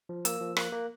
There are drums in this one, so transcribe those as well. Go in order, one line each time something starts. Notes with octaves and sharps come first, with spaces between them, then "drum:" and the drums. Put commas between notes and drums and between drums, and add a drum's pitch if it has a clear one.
F3
A#3 E6, drum: hi-hat
F3
A#3 F#6, drum: rim click
A#3